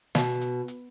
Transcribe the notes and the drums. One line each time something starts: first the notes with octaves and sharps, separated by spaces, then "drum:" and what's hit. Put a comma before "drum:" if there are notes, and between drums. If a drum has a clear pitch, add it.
B2, drum: snare
drum: hi-hat
drum: hi-hat